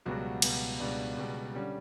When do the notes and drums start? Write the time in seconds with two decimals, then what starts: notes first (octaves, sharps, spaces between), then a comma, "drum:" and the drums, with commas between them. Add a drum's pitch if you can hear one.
0.05 C#2 B2 F#3 G3 F#4
0.42 C#2 B2 G3, drum: cymbal
0.80 C#2 B2 G3 D4
1.17 C#2 B2 G3
1.55 D3 G3 C#4